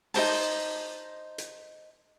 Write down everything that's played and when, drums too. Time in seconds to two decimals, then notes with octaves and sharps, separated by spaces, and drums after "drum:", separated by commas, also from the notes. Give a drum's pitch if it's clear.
0.14 D#4 A#4 C5 A5, drum: open hi-hat
1.38 drum: hi-hat